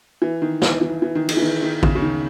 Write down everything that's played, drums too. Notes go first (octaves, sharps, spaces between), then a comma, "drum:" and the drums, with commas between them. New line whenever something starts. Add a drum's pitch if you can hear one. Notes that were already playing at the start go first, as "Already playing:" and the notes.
E3
D#3
E3, drum: snare
E3
E3
D#3
D#3, drum: cymbal
E3
D#3
D#3
C#3, drum: kick A1
C#3
D#3